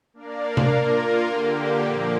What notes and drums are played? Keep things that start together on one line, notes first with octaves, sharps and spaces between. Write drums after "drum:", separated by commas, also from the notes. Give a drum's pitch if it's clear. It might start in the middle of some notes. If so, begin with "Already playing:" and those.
A#3 D4 A#4 D5 F5
drum: tom C3
A#3 F4 A#4
D3 A#3 G4
A#2 F3 A#3